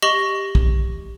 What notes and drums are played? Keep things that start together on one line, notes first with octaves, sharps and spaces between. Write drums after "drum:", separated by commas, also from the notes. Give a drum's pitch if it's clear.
G4 D#5 C#6 A#6 F#7 G7
drum: kick